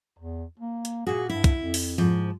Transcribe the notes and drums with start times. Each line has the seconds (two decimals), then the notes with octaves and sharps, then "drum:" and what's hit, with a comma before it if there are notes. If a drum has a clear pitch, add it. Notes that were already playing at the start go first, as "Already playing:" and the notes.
0.19 E2
0.60 A#3
0.85 drum: hi-hat
1.07 A#2 F#4 G#4
1.29 G2 E4
1.44 drum: kick, hi-hat
1.59 F2
1.74 drum: open hi-hat
1.98 G#2 F3